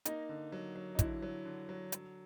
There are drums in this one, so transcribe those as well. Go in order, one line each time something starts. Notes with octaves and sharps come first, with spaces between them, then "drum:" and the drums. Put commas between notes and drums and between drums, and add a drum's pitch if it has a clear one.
A#3 D#4, drum: hi-hat
D3
F#3
F#3
D#4
D3 E4, drum: kick, hi-hat
F#3
D3
F#3
F#3, drum: hi-hat